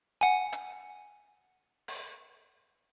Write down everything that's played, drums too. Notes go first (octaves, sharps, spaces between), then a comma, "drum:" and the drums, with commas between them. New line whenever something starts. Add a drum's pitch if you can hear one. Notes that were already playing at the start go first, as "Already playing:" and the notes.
F#5 G#5
drum: hi-hat
drum: open hi-hat